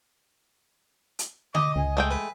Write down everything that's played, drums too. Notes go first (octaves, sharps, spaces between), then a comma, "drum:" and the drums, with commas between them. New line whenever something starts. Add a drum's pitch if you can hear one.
drum: hi-hat
D#5 D6, drum: tom D3
C#2 G#5
G#3 A3 G5
B4